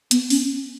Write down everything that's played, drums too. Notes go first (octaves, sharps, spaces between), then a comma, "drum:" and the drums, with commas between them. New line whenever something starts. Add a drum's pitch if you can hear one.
B3, drum: hi-hat
C#4, drum: open hi-hat